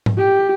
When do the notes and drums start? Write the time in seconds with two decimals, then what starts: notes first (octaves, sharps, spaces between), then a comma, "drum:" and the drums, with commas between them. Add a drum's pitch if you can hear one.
0.06 drum: tom G#2
0.18 G4